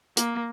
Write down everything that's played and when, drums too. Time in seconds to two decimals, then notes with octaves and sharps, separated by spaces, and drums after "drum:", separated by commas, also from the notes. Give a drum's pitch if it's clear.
0.17 A#3, drum: hi-hat